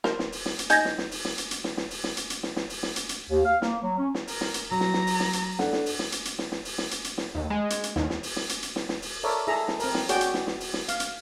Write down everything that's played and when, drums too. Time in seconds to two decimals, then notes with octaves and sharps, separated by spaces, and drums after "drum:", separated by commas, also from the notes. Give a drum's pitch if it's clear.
0.04 A#4 C5, drum: snare
0.19 drum: snare
0.32 drum: open hi-hat
0.45 drum: snare
0.59 drum: hi-hat
0.70 D#4 G#5 G6 G#6 A#6, drum: hi-hat
0.85 drum: snare
0.98 drum: snare
1.11 drum: open hi-hat
1.25 drum: snare
1.38 drum: hi-hat
1.51 drum: hi-hat
1.64 drum: snare
1.77 drum: snare
1.90 drum: open hi-hat
2.04 drum: snare
2.17 drum: hi-hat
2.30 drum: hi-hat
2.43 drum: snare
2.56 drum: snare
2.70 drum: open hi-hat
2.83 drum: snare
2.96 drum: hi-hat
3.09 drum: hi-hat
3.30 D#2
3.45 F5
3.62 A#3, drum: snare
3.82 F#3
3.97 C#4
4.15 drum: snare
4.27 A#4, drum: open hi-hat
4.41 drum: snare
4.54 drum: hi-hat
4.71 F#3 A#5
4.80 drum: snare
4.94 drum: snare
5.07 drum: open hi-hat
5.20 drum: snare
5.33 drum: hi-hat
5.59 D4 A4 F#5, drum: snare
5.73 drum: snare
5.86 drum: open hi-hat
5.99 drum: snare
6.12 drum: hi-hat
6.25 drum: hi-hat
6.39 drum: snare
6.52 drum: snare
6.65 drum: open hi-hat
6.78 drum: snare
6.91 drum: hi-hat
7.04 drum: hi-hat
7.18 drum: snare
7.35 D#2
7.50 G#3
7.70 drum: hi-hat
7.84 drum: hi-hat
7.96 D#2, drum: snare
8.10 drum: snare
8.23 drum: open hi-hat
8.36 drum: snare
8.49 drum: hi-hat
8.63 drum: hi-hat
8.76 drum: snare
8.89 drum: snare
9.02 drum: open hi-hat
9.23 A4 A#4 C#5 D5 E5
9.47 E4 G#4 A4 E5 A#5
9.68 drum: snare
9.80 C4 A#4, drum: open hi-hat
9.94 drum: snare
10.09 F#4 G#4 C#5 D5 F#5 G5, drum: hi-hat
10.21 drum: hi-hat
10.34 drum: snare
10.47 drum: snare
10.60 drum: open hi-hat
10.73 drum: snare
10.88 F5, drum: hi-hat
11.00 drum: hi-hat